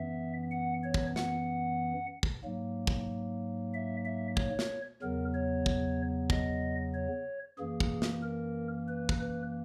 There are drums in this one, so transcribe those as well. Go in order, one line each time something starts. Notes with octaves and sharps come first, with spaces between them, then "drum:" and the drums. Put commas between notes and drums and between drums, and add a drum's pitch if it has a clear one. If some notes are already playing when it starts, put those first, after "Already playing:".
Already playing: F#2 E3 B3 E5
F#5
C#5
drum: kick
F#5, drum: snare
drum: kick
G#2 F#3 A#3
drum: kick
E5
E5
C#5, drum: kick
drum: snare
E2 C#3 F#3 B3 A#4
C#5
drum: kick
D#5, drum: kick
C#5
F#2 E3 A#3 G#4
drum: kick
drum: snare
A#4
B4
drum: kick
B4